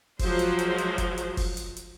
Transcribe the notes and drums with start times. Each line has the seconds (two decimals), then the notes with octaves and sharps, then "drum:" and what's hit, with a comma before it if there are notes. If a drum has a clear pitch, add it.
0.19 F3 F#3 G#3 C5, drum: kick F1, open hi-hat
0.39 drum: hi-hat
0.59 drum: hi-hat
0.78 drum: hi-hat
0.98 drum: kick F1, hi-hat
1.18 drum: hi-hat
1.37 drum: kick F1, open hi-hat
1.57 drum: hi-hat
1.76 drum: hi-hat